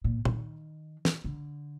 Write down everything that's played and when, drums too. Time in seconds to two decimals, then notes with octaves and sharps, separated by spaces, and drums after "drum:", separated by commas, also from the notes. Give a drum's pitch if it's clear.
0.04 A#2
0.25 D#3, drum: tom
1.05 drum: snare
1.24 D3